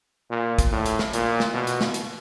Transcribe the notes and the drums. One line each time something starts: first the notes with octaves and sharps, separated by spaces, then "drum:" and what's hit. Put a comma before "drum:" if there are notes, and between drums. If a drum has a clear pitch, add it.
A#2
drum: kick, hi-hat
A2
drum: hi-hat
drum: snare
A#2, drum: hi-hat
drum: snare
B2
drum: hi-hat
drum: snare
drum: hi-hat